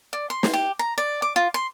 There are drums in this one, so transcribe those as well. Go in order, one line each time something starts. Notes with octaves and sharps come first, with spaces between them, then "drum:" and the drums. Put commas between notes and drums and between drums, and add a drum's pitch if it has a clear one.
D5
C6
drum: snare
G4
A#5
D5
D6
F4
C6